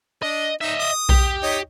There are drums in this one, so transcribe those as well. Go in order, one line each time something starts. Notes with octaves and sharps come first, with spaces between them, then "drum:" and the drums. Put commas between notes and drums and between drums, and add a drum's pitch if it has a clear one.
D4 D#5
D#4 D#5 E5
D#6
G4, drum: kick B1
D#4 C#5 D#5